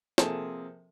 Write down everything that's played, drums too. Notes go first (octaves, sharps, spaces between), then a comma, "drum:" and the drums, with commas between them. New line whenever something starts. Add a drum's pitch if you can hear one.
C3 F3 A#3 G#4 A4 A5, drum: snare